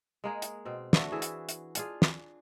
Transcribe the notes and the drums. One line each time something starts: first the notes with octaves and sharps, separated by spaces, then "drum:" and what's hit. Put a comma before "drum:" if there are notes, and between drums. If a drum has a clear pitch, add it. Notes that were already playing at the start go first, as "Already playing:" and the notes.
G#3 A#3 G#4
drum: hi-hat
B2 C4
D3 A3 D4 F#4, drum: snare
E3 G#4 E5
drum: hi-hat
drum: hi-hat
D4 F4 G#4, drum: hi-hat
drum: snare